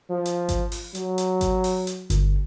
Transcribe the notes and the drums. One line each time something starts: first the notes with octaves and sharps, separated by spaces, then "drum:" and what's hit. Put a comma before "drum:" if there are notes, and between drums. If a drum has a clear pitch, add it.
F3
drum: hi-hat
drum: kick G#1, hi-hat
drum: open hi-hat
F#3, drum: hi-hat
drum: hi-hat
drum: kick G#1, hi-hat
drum: open hi-hat
drum: hi-hat
G1, drum: hi-hat